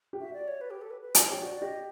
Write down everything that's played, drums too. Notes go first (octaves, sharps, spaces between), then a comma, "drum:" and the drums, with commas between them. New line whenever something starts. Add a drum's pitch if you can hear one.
G4
F#4 E5
D5
C#5
B4
G4
A4
B4
B4
C5, drum: hi-hat
G4 C#5
F#4 D5
D5
G4 D#5